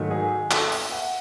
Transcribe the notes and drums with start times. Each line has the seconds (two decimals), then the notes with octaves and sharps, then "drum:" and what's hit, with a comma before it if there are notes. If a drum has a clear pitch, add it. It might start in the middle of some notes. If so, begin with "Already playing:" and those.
Already playing: G#2 D#3 F#3 A3
0.11 G#4
0.51 A4, drum: clap
0.72 E5, drum: open hi-hat
0.92 F#5